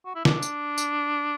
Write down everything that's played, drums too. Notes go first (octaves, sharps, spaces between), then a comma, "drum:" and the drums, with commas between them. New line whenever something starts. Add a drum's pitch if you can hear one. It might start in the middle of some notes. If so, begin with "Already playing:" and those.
F#4
E4
D4, drum: snare
drum: tambourine
drum: tambourine